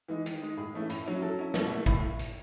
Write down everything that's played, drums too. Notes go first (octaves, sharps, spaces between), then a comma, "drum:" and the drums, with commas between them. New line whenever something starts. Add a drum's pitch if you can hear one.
E3 G#3 D#4
D#3, drum: hi-hat
G#3 D#4
A2 G#4
E3 A3 C#4 E4
A2, drum: hi-hat
F#3 C#4 E4
F#3 A4
C#4 E4
B2, drum: snare
A3 E4
A2, drum: kick
drum: hi-hat